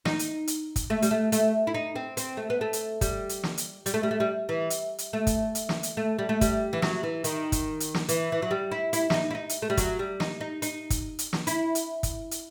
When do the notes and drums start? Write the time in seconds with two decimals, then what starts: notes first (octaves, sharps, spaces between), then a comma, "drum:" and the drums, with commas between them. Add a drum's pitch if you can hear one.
0.05 D#4, drum: snare
0.19 drum: hi-hat
0.47 drum: hi-hat
0.76 drum: kick, hi-hat
0.90 A3
1.02 G3, drum: hi-hat
1.11 A3
1.32 A3, drum: hi-hat
1.67 E4
1.74 D#4
1.96 C4
2.17 C4, drum: hi-hat
2.37 A3
2.50 B3
2.61 A3
2.73 drum: hi-hat
3.01 G3, drum: kick, hi-hat
3.29 drum: hi-hat
3.43 drum: snare
3.58 drum: hi-hat
3.86 G3, drum: hi-hat
3.94 A3
4.03 G3
4.11 A3
4.20 G3
4.49 E3
4.70 drum: hi-hat
4.98 drum: hi-hat
5.13 A3
5.27 drum: kick, hi-hat
5.55 drum: hi-hat
5.69 drum: snare
5.83 drum: hi-hat
5.97 A3
6.19 G3
6.29 A3
6.41 G3, drum: kick, hi-hat
6.73 E3
6.82 F#3, drum: snare
7.03 E3
7.24 D#3, drum: hi-hat
7.52 drum: kick, hi-hat
7.80 drum: hi-hat
7.94 drum: snare
8.09 E3, drum: hi-hat
8.32 E3
8.42 F#3
8.51 G3
8.72 E4
8.93 E4, drum: hi-hat
9.10 E4, drum: snare
9.14 D#4
9.31 E4
9.35 D#4
9.49 drum: hi-hat
9.62 A3
9.70 G3
9.77 F#3, drum: kick, hi-hat
9.99 G3
10.20 D#4, drum: snare
10.41 D#4
10.62 D#4, drum: hi-hat
10.90 drum: kick, hi-hat
11.19 drum: hi-hat
11.33 drum: snare
11.47 E4, drum: hi-hat
11.75 drum: hi-hat
12.03 drum: kick, hi-hat
12.31 drum: hi-hat